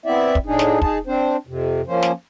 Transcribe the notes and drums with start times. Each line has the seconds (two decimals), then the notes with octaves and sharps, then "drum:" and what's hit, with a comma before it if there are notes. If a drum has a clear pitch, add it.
0.06 B3 C4 E4 D5 E5
0.35 drum: kick
0.46 A2 D4 D#4 G#4
0.59 drum: snare
0.82 D#4 G#4 A5, drum: kick
1.07 C4 D4 C5
1.47 F2 C3
1.87 F3 A#3 C#4 C5
2.03 drum: snare